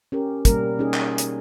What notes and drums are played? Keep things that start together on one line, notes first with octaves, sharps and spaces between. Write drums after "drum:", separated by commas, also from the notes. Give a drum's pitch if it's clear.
C#4 G4 A#4
B2 G3 A#3 A#4, drum: kick, hi-hat
C#4 D#4 G#4
drum: clap
drum: hi-hat